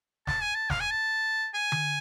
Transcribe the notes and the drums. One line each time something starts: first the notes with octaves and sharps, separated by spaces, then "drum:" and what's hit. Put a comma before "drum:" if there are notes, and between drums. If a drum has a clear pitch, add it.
A5, drum: snare
G#5
A5
F5, drum: snare
G#5
A5
G#5
drum: tom D3